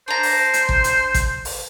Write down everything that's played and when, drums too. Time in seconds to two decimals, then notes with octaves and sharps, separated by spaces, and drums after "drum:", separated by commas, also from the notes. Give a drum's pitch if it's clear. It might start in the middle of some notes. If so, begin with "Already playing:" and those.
0.08 D4 C5 A#5
0.23 drum: open hi-hat
0.54 drum: hi-hat
0.69 drum: kick
0.84 drum: hi-hat
1.14 drum: kick, hi-hat
1.45 drum: open hi-hat